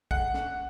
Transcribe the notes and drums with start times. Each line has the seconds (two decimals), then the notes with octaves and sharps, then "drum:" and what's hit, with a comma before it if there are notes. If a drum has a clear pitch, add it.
0.11 F#5, drum: kick
0.34 drum: snare